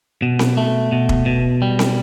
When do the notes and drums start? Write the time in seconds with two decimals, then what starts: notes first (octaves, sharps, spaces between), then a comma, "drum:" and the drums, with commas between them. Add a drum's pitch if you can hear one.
0.22 B2
0.39 drum: snare C4
0.57 A3
0.92 B2
1.09 drum: kick
1.26 B2
1.62 G3
1.79 drum: snare C4